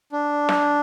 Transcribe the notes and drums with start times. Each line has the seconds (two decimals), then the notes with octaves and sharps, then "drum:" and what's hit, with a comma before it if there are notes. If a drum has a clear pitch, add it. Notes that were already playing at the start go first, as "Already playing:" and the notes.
0.12 D4
0.49 drum: snare